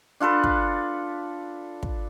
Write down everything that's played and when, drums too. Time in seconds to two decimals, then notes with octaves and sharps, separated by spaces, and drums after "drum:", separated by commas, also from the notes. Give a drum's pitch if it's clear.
0.20 D4 F4 A4 B4
0.44 drum: kick
1.83 drum: kick